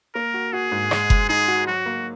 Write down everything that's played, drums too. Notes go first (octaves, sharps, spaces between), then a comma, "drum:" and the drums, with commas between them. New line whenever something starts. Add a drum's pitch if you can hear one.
A#3 A#4
F#4
F#4 G#4
G#2
G#3, drum: rim click
G#3, drum: kick F#1
D#4 G#4
F#4
F#3 F#4
A#3